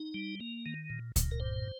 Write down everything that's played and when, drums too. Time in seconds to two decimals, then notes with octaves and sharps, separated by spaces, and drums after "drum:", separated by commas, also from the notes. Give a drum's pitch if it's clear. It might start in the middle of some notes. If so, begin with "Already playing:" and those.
Already playing: D#4
0.14 G3
0.40 A#3
0.66 D#3
0.90 A#2
1.16 A#2, drum: kick C#2, hi-hat
1.31 A#4
1.40 G2 C5